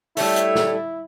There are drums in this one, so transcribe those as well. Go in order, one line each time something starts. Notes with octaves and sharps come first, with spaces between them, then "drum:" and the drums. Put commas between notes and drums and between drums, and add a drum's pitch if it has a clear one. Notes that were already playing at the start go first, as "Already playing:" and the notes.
G3 A3 D4 E4 C#5 E5, drum: open hi-hat
drum: hi-hat
drum: snare